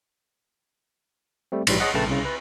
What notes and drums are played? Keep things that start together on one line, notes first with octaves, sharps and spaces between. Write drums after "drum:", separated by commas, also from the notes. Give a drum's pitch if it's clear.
G3 A3 C4
A#1 G#2 E3 F#3 G3, drum: cymbal
G#4 C#5 D#5 F#5
A#1 C#3 A3 B4 G5 A5
C2 C#3
B4